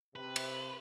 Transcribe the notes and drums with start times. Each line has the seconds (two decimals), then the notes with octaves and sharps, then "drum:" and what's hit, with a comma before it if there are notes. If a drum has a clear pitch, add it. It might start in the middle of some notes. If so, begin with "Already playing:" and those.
0.16 C3 B4
0.36 drum: cymbal